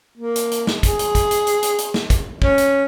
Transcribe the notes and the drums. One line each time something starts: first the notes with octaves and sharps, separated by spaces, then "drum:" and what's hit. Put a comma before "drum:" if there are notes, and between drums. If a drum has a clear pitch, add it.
A#3
drum: hi-hat
drum: hi-hat
drum: snare
G#4, drum: kick, hi-hat
drum: hi-hat
drum: kick, hi-hat
drum: hi-hat
drum: hi-hat
drum: hi-hat
drum: hi-hat
drum: snare
drum: kick, hi-hat
C#4, drum: kick
drum: hi-hat